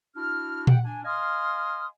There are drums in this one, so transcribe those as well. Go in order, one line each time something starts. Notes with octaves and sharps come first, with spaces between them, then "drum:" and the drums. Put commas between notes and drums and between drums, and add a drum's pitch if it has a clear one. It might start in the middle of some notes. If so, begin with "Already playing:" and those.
D4 E4 F#4 F6
F#5 G5, drum: tom A#2
D4 G#5
D#5 F5 G#5 C6 D#6 F6